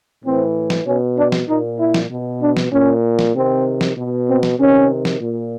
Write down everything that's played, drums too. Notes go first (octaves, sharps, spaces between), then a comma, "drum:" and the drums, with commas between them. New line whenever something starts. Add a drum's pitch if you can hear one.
A2 E3 C4
drum: snare
B2 C#4
D4
drum: snare
A#2 D#4
E4
drum: snare
B2
D4
drum: snare
A#2 C#4
drum: snare
C3 D#3 C4
drum: snare
B2
C4
drum: snare
C3 D#3 C#4
drum: snare
A#2